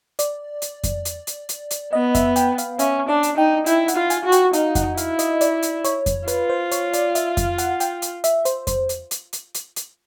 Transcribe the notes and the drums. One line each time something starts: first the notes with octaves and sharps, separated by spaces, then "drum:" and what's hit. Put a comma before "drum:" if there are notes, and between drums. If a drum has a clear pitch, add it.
D5, drum: hi-hat
drum: hi-hat
drum: kick F2, hi-hat
drum: hi-hat
drum: hi-hat
drum: hi-hat
drum: hi-hat
B3 D#5
E5, drum: kick F2, hi-hat
G5, drum: hi-hat
F5, drum: hi-hat
C#4 E5, drum: hi-hat
D4 D5
drum: hi-hat
D#4 G5
E4 G5, drum: hi-hat
F#5, drum: hi-hat
F4
G#5, drum: hi-hat
F#4
G5, drum: hi-hat
D#4 F5, drum: hi-hat
F#5, drum: kick F2, hi-hat
E4 F5, drum: hi-hat
D#5, drum: hi-hat
D5, drum: hi-hat
drum: hi-hat
C#5, drum: hi-hat
drum: kick F2, hi-hat
F4 B4, drum: hi-hat
C5
C#5, drum: hi-hat
D5, drum: hi-hat
E5, drum: hi-hat
F5, drum: kick F2, hi-hat
F#5, drum: hi-hat
G5, drum: hi-hat
drum: hi-hat
E5, drum: hi-hat
C5, drum: hi-hat
C5, drum: kick F2, hi-hat
drum: hi-hat
drum: hi-hat
drum: hi-hat
drum: hi-hat
drum: hi-hat